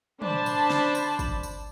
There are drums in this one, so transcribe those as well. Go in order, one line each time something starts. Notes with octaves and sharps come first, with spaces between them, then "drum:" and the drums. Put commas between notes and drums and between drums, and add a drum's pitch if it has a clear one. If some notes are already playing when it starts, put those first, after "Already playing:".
D4 C5 A5 B5, drum: tom
drum: tambourine
drum: snare
drum: tambourine
drum: kick, tambourine
drum: tambourine